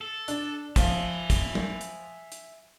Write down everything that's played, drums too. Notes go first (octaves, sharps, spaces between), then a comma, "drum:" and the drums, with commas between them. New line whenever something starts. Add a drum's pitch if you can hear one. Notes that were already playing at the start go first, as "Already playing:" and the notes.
A4
D4, drum: hi-hat
F3 E5 G#5, drum: kick, hi-hat
drum: kick, hi-hat
drum: tom
drum: hi-hat
drum: hi-hat